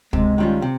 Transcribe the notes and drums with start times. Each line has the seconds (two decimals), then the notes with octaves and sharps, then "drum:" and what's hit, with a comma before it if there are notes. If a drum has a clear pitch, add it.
0.13 C3 G#3, drum: kick
0.38 D#3 G3 C#4 F4
0.62 C3